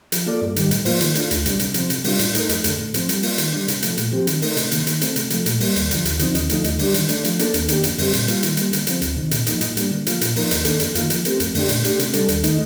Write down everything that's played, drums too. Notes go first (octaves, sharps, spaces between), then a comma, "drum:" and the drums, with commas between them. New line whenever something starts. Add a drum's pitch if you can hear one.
F3, drum: hi-hat
A#3 F4 A4 D5
G2
D#3 G3, drum: hi-hat
A2, drum: hi-hat
F3 A#3 F4 C5, drum: open hi-hat
D#3, drum: hi-hat
A3 D4 F4, drum: hi-hat
D2, drum: hi-hat
C3 G3 D4, drum: hi-hat
C3, drum: hi-hat
F3 C4, drum: hi-hat
C3, drum: hi-hat
G3 D4 F4, drum: open hi-hat
A2, drum: hi-hat
A3 D#4 A#4, drum: hi-hat
F2, drum: hi-hat
D3 A3, drum: hi-hat
A2
F3 C4, drum: hi-hat
G3, drum: hi-hat
A#3 F4, drum: open hi-hat
D#3, drum: hi-hat
G3 D4
C3, drum: hi-hat
F3 A3, drum: hi-hat
A#2, drum: hi-hat
F3 C4 G4
D#3, drum: hi-hat
A3 D#4 A#4, drum: open hi-hat
C3, drum: hi-hat
D#3 A#3, drum: hi-hat
D#3, drum: hi-hat
A3 C4, drum: hi-hat
C3, drum: hi-hat
F3 A3, drum: hi-hat
A#2, drum: hi-hat
G3 A#3, drum: open hi-hat
D#2, drum: hi-hat
D3 F3, drum: hi-hat
D#2, drum: hi-hat
D3 F3 C4 D#4, drum: hi-hat
D#2, drum: hi-hat
D3 F3 A3 D#4, drum: hi-hat
D#2, drum: hi-hat
D3 G3 D4 G4, drum: open hi-hat
D#3, drum: hi-hat
A3 D4, drum: hi-hat
F3, drum: hi-hat
A#3 D4 A4, drum: hi-hat
D#2, drum: hi-hat
D#3 A#3 D4 G4, drum: hi-hat
F2, drum: hi-hat
D3 G3 C4 G4, drum: open hi-hat
A#2, drum: hi-hat
G3 A#3 F4, drum: hi-hat
D#3, drum: hi-hat
G3 A#3, drum: hi-hat
D3, drum: hi-hat
F3 C4, drum: hi-hat
D2, drum: hi-hat
C3 D#3
A#2, drum: hi-hat
F3 A#3 D#4, drum: hi-hat
A2, drum: hi-hat
G3 A#3 D4, drum: hi-hat
D3
F3 A#3 F4, drum: hi-hat
A#2, drum: hi-hat
F3 A#3 D#4 A#4, drum: open hi-hat
D#2, drum: hi-hat
D#3 A#3 D4 A4, drum: hi-hat
F2, drum: hi-hat
D#3 A#3 F4, drum: hi-hat
F3, drum: hi-hat
A3 C4 G4 A#4, drum: hi-hat
F2, drum: hi-hat
D3 A3 D4 G4, drum: open hi-hat
A#2, drum: hi-hat
A3 D4 G4, drum: hi-hat
C3, drum: hi-hat
G3 D4 A4, drum: hi-hat
D#2, drum: hi-hat
D#3 A3 D#4, drum: hi-hat